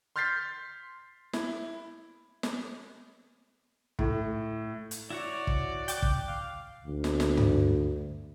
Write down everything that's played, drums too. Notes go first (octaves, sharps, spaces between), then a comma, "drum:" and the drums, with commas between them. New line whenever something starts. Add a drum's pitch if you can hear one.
C6 F6 G6 A6 B6 C7
E4, drum: snare
drum: snare
A2, drum: kick
drum: hi-hat
E4 F#4 C#5 D5
drum: kick
G5 D6 F#6, drum: hi-hat
drum: kick
F5
D2
drum: snare
drum: snare
drum: tom